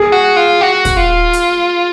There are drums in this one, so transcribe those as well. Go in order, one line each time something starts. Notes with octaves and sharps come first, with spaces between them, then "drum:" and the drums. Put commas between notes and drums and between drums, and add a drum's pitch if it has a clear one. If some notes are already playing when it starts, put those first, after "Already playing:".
Already playing: G#4
F#4
F4
F#4
drum: kick, hi-hat
F4
drum: hi-hat